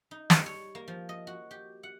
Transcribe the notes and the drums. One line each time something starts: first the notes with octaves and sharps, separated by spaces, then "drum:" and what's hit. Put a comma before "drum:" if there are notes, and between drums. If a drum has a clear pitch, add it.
D#4
G3, drum: snare
C#5
A#3
F3
D#5
F#4
G4
F#5